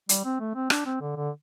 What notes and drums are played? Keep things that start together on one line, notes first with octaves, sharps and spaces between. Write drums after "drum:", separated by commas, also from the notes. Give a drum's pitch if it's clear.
G3, drum: hi-hat
C4
A3
C4
D4, drum: rim click
C4
D3
D3